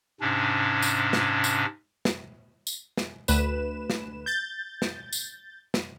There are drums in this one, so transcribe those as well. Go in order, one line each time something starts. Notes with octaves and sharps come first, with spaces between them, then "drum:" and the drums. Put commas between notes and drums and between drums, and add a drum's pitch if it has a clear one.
G#2 C3 C#4 D4
drum: tambourine
drum: snare
drum: tambourine
drum: snare
drum: tambourine
drum: snare
D2 B4 E7, drum: tambourine
drum: snare
G6 A6
drum: snare
drum: tambourine
drum: snare